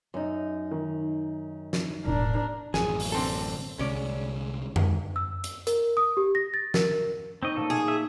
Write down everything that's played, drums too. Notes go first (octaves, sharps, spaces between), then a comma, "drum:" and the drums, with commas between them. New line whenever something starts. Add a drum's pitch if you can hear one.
F#2 D#4
D#3
drum: snare
E1 A1 D4 A#4
A1 F#2 G#4, drum: snare
drum: open hi-hat
D3 C4 A4
C2 D3 G#3 C#4 D5
drum: tom F2
E6
drum: hi-hat
A#4, drum: hi-hat
D#6
G4
A#6
A6
A#4, drum: snare
C4 C#4 D#4 D#5 C#6
A#2 A3 A#3 A4
G#4
E5